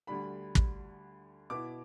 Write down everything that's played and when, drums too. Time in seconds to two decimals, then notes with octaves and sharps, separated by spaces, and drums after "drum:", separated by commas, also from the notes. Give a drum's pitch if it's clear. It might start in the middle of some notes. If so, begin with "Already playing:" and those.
0.07 D2 D3 G3 D4 B5
0.55 drum: kick
1.50 B2 B3 E4 D6